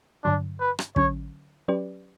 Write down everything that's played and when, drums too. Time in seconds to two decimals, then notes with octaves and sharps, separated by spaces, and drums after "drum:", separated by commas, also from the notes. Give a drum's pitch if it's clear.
0.24 G2 D3 F#3 D4
0.60 B4
0.79 drum: rim click
0.96 D3 F#3 C#4 C#5, drum: kick
1.68 F#3 C#4 G4 B4 D5